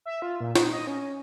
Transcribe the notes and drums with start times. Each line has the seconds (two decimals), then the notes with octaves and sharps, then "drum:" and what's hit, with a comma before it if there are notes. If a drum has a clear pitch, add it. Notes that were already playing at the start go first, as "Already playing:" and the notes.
0.06 E5
0.22 F4
0.40 A#2
0.55 D#4, drum: snare
0.73 D#5
0.87 C#4